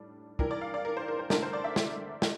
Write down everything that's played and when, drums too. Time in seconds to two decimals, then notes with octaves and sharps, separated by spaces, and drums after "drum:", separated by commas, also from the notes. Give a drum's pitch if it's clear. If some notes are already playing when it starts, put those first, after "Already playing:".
Already playing: A2 G3 D4
0.39 E3 G3 D4 A#4, drum: kick
0.51 D5
0.61 F5
0.74 D5
0.85 A#4
0.97 C5
1.08 A#4
1.19 C5
1.30 D3 A3 D4 A#4, drum: snare
1.43 C5
1.53 D5
1.64 E5
1.76 drum: snare
2.22 drum: snare